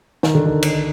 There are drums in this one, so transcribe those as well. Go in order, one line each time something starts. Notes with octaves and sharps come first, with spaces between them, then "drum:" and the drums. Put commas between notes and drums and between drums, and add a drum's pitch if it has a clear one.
D#3, drum: snare
D3
D#3
drum: cymbal